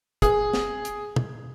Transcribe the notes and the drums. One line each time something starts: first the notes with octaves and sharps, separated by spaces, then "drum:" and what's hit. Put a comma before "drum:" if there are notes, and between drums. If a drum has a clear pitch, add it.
G#4, drum: kick, hi-hat
drum: snare
drum: hi-hat
drum: tom